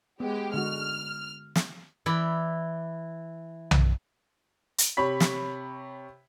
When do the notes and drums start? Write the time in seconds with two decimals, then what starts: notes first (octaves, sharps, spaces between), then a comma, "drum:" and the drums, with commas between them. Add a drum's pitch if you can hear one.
0.20 G#3 B3 G4
0.54 D3 G#3 F#4 F6
1.56 drum: snare
2.06 E3 E4 D5 B5
3.71 drum: tom B1
4.78 drum: hi-hat
4.97 C3 C#5 B5 B6
5.20 drum: snare